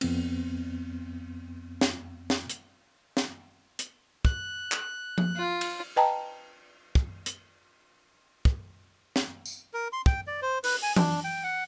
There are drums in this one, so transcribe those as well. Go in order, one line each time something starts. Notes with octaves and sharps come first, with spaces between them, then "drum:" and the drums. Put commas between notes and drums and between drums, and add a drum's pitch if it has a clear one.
F2 B3 C4, drum: cymbal
drum: snare
drum: snare
drum: hi-hat
drum: snare
drum: hi-hat
F#6, drum: kick
drum: clap
drum: tom F3
F4
drum: cymbal
B4 D#5 G5 A5 A#5
drum: kick
drum: hi-hat
drum: kick
drum: snare
drum: tambourine
A#4
C6
G5, drum: kick
D5
C5
B4, drum: open hi-hat
G#5
D4, drum: tom E3
G5
F#5